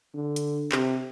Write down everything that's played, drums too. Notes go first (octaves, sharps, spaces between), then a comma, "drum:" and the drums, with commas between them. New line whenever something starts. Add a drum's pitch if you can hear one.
D3
drum: hi-hat
C3, drum: clap